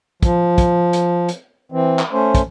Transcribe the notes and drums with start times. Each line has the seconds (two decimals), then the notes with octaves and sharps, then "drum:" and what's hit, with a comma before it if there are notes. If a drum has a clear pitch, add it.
0.23 F3, drum: kick, hi-hat
0.58 drum: kick, hi-hat
0.93 drum: hi-hat
1.29 drum: hi-hat
1.72 E3 C4
1.99 drum: clap
2.13 A3 C#4 C5
2.35 drum: kick, hi-hat